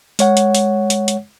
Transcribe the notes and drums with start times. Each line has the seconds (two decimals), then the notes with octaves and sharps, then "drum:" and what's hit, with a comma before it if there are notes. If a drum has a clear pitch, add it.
0.19 G#3 C#5 F#5, drum: hi-hat
0.37 drum: hi-hat
0.55 drum: hi-hat
0.90 drum: hi-hat
1.08 drum: hi-hat